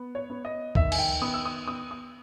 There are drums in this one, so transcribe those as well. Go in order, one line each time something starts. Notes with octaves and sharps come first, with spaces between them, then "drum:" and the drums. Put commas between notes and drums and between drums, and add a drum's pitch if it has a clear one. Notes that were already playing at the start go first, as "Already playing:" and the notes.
Already playing: B3
C#5
B3
D#5
D#3 E5, drum: kick C#2
G#5, drum: cymbal
G5
B3 D#6
E6
D#6
B3 D#6
D#6